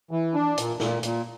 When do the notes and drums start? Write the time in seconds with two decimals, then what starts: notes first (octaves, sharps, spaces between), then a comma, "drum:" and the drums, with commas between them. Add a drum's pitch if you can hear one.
0.11 E3
0.34 D4
0.58 A#2, drum: hi-hat
0.80 A#2, drum: snare
1.03 A#2, drum: hi-hat